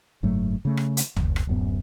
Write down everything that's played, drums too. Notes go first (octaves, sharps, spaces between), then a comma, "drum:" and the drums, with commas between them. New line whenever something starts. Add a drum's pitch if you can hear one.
F#1 G#2 F#3 A3
C#3 A3
drum: rim click
drum: hi-hat
F#1, drum: tom
drum: rim click
D1 F#2 B3